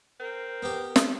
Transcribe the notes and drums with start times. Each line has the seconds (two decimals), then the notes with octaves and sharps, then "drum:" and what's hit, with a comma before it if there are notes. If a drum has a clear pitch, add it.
0.20 C4 A#4
0.62 B3 G4
0.96 drum: snare